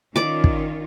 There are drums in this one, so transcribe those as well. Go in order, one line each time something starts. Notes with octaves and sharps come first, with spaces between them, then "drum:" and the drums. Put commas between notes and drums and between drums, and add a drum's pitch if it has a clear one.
D#3 C#4 F4 D5 D6
drum: kick